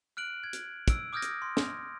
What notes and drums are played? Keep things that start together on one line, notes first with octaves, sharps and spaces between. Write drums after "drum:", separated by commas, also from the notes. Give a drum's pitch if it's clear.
F6 F#6 D7 F#7
G#6
drum: hi-hat
E6 D7, drum: kick, hi-hat
D6 D#6 F6 G6 G#6 A#6
drum: hi-hat
C6
drum: snare